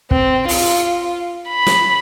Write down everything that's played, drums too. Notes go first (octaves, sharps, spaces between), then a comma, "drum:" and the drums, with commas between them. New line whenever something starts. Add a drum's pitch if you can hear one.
C4, drum: kick
F4, drum: open hi-hat
B5
drum: snare